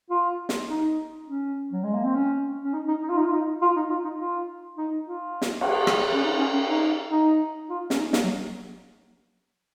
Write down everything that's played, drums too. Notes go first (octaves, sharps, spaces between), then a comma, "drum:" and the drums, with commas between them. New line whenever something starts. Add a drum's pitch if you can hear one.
F4
drum: snare
D#4
C#4
F#3
G#3
A#3
C4
C#4
C#4
D#4
D#4
D#4
F4
D#4
F4
D#4
F4
D#4
F4
D#4
F4
D#4
F4
drum: snare
drum: cymbal
drum: rim click
C#4
D#4
C#4
C#4
D#4
D#4
F4
C#4, drum: snare
D#4
A#3, drum: snare
F#3